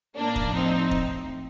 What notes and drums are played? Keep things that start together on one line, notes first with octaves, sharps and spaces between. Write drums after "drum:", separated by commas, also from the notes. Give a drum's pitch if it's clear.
A2 F3 A#3 D4
drum: kick
C4 D#4
drum: kick